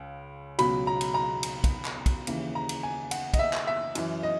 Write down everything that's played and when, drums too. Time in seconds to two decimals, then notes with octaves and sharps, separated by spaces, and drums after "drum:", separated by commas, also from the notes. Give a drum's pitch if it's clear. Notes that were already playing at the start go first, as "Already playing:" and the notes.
Already playing: C#2 C#3
0.59 C#2 B2 F#3 B5, drum: cymbal
0.87 A#5
1.01 drum: cymbal
1.14 A#5
1.43 drum: cymbal
1.64 drum: kick, cymbal
1.85 drum: clap
2.06 drum: kick, cymbal
2.27 D#2 C#3 E3, drum: cymbal
2.55 A#5
2.69 drum: cymbal
2.83 G#5
3.11 F#5, drum: cymbal
3.34 D#5, drum: kick, cymbal
3.39 E5
3.53 drum: clap
3.67 E5
3.95 F#2 E3, drum: cymbal
4.23 D#5